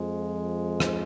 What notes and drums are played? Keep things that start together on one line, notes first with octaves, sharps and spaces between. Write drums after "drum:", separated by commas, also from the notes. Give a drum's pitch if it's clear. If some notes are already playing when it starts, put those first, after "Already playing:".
Already playing: F2 F3 G#3
drum: rim click